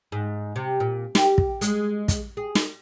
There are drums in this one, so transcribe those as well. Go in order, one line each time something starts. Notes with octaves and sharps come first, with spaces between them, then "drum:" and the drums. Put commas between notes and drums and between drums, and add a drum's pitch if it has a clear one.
G#2
C3
A#2
G4, drum: snare
drum: kick
G#3, drum: hi-hat
drum: kick, hi-hat
G#4
drum: snare